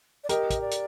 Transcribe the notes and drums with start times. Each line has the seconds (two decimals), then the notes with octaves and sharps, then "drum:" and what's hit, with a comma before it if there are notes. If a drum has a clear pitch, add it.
0.24 D5
0.29 G4 A#4 D#5, drum: hi-hat
0.50 drum: kick, hi-hat
0.61 D5
0.71 drum: hi-hat